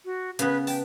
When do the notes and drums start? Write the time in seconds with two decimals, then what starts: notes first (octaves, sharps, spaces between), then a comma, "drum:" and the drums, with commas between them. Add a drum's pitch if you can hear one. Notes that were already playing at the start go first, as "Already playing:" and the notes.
0.05 F#4
0.39 C#3 B3 B4, drum: hi-hat
0.67 G5 A5, drum: open hi-hat